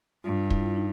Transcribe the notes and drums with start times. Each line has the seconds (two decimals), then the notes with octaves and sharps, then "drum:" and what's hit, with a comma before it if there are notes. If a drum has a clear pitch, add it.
0.24 G2 F4
0.50 E4, drum: kick
0.76 D#4